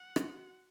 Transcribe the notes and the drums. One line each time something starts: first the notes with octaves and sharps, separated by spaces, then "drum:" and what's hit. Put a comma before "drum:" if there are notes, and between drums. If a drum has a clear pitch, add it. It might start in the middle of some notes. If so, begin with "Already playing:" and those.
Already playing: F#5
F#4, drum: rim click